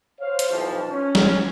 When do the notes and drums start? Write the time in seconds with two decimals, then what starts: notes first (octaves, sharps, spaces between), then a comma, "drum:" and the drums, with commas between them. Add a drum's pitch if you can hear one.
0.19 C5 C#5 F5
0.39 drum: hi-hat
0.50 B1 C3 E3 F3
0.90 C#4
1.15 drum: snare